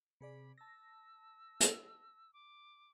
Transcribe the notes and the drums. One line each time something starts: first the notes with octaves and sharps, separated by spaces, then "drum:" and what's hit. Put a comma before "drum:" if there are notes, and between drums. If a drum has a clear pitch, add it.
C3 G#4 D5 B5
A5 E6 A#6
drum: hi-hat
D6